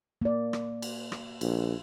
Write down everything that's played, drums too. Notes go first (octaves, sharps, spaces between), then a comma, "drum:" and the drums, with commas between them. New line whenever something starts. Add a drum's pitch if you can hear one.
A#3 D5
drum: rim click
drum: cymbal
drum: rim click
A#1, drum: cymbal